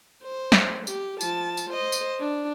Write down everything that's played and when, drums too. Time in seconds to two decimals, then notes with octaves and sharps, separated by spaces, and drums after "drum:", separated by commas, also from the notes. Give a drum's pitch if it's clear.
0.24 C5
0.52 drum: snare
0.87 G4, drum: tambourine
1.21 F3 A5, drum: tambourine
1.57 drum: tambourine
1.70 C5 D#5
1.92 drum: tambourine
2.20 D4